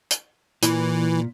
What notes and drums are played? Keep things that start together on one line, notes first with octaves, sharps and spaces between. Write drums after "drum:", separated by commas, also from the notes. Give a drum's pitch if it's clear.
drum: hi-hat
A#2 E3, drum: hi-hat